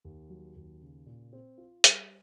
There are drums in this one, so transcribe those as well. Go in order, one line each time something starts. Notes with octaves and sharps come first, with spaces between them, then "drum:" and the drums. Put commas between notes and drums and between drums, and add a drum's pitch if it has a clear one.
D#2
F#3
D#2
C#3
A#2
C4
F4
G3, drum: hi-hat